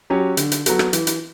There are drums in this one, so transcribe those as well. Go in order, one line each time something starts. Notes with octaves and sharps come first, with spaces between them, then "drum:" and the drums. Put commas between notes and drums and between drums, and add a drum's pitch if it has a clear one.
F#3 C#4 G4
D3, drum: hi-hat
drum: hi-hat
F#3 B3 F#4 A4, drum: hi-hat
drum: rim click
E3, drum: hi-hat
drum: hi-hat